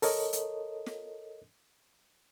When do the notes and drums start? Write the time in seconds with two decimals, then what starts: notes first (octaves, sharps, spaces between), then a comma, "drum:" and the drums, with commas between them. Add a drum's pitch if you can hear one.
0.02 A4 A#4 C#5 D#5, drum: open hi-hat
0.33 drum: hi-hat
0.86 drum: snare